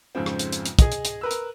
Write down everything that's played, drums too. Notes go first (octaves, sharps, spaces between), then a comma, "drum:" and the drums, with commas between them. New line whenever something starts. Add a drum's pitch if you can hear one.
F2 G#2 C#3 C4
drum: rim click
drum: hi-hat
drum: hi-hat
drum: hi-hat
G#4 D#5, drum: kick, hi-hat
drum: hi-hat
drum: hi-hat
A#4 B4 E6
drum: hi-hat